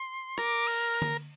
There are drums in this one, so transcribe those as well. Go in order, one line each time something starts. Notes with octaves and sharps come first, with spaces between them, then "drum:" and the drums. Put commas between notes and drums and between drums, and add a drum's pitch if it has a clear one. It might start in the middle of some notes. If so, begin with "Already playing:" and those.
Already playing: C6
A#4 D6, drum: rim click
F6, drum: cymbal
drum: tom D3